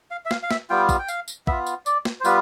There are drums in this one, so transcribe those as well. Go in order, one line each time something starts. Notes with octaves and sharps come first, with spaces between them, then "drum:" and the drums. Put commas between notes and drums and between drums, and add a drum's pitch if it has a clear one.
F5
E5
F5, drum: snare
F5
E5, drum: snare
G3 B3 F4 G5
drum: kick, tambourine
G5
F5, drum: tambourine
drum: tambourine
B3 F4 E5, drum: kick
drum: tambourine
D5, drum: tambourine
drum: snare
C5
G3 B3 F4 B4, drum: tambourine